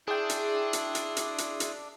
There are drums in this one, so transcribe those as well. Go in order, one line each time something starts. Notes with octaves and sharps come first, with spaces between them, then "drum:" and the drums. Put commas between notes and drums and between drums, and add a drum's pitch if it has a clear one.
D4 E4 G#4 G5 C6 D#6
drum: hi-hat
drum: hi-hat
drum: hi-hat
drum: hi-hat
drum: hi-hat
drum: hi-hat